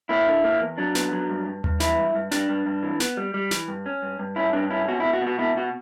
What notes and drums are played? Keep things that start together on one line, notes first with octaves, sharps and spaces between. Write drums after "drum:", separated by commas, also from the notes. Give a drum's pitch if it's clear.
A#3 E4
D3
A#3
E2
F#3 D4
B3, drum: snare
F#3
G2
G2
G2, drum: tom D#2
E3 E4, drum: snare
G2
G2
G2 D4, drum: snare
G2
G2
E3
B3, drum: snare
G3
G3
E3, drum: snare
G2
C#4
G2
G2
C#4 E4
G2 D4
C#4 E4
B2 F#4
E4
B2
F#4
B2
F#4
B2 E4
B2 F#4